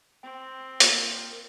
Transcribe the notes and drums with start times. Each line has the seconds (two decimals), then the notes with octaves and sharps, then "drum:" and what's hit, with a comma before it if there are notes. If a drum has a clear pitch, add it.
0.23 C4 G5 C6
0.80 A#2 F4 A#4, drum: hi-hat